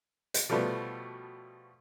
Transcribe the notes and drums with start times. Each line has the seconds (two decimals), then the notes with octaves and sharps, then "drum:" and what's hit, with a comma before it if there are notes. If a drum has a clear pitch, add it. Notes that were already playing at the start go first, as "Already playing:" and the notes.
0.34 drum: hi-hat
0.49 B2 F3 G3 A3 B3